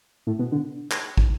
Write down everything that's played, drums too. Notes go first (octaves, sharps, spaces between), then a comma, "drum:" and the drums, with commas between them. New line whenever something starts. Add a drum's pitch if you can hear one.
A2
B2
D3
drum: clap
drum: kick